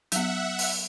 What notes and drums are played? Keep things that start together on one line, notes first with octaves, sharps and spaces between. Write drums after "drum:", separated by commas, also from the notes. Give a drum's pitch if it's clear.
F#3 B3 E5 F#5, drum: hi-hat
drum: open hi-hat